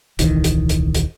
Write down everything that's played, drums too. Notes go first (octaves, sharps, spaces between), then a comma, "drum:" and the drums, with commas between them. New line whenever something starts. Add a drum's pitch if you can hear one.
D#1 C2 D#3 E3, drum: hi-hat
drum: hi-hat
drum: hi-hat
drum: hi-hat